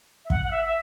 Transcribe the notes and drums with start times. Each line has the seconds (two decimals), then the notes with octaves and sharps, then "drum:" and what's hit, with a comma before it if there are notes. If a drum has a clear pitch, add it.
0.25 E5
0.30 F#5, drum: kick
0.44 F#5
0.50 E5
0.64 E5